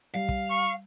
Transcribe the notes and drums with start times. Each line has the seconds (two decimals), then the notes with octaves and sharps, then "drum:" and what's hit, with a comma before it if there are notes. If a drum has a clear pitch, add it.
0.14 G3 F5
0.29 drum: kick
0.51 C#6